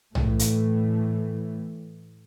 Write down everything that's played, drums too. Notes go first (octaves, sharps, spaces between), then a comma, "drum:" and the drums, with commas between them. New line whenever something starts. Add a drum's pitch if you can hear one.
A2 E3 A3, drum: tom
drum: hi-hat